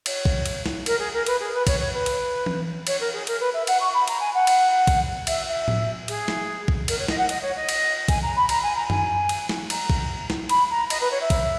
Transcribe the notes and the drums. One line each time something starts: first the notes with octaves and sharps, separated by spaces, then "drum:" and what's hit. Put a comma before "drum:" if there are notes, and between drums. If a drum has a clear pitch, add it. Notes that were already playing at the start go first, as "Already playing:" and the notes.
C#5, drum: cymbal
drum: kick
drum: cymbal
drum: snare
A#4, drum: cymbal
G#4
A#4
B4, drum: cymbal
G#4
B4
C#5, drum: kick, cymbal
C#5
B4
drum: cymbal
drum: tom E3
C#5, drum: cymbal
A#4
G#4
A#4, drum: cymbal
B4
E5
F#5, drum: cymbal
C#6
B5
A#5, drum: cymbal
G#5
F#5
drum: cymbal
drum: kick, cymbal
E5, drum: cymbal
E5
drum: tom A2
G#4, drum: cymbal
drum: snare
drum: kick
A#4, drum: cymbal
C#5
D#5, drum: snare
F#5
D#5, drum: cymbal
C#5
D#5
drum: cymbal
G#5, drum: kick, cymbal
A#5
B5
A#5, drum: cymbal
G#5
A#5
G#5, drum: tom F#2
drum: cymbal
drum: snare
A#5, drum: cymbal
drum: kick
drum: snare
B5, drum: cymbal
A#5
D#5, drum: cymbal
B4
C#5
E5
drum: kick, cymbal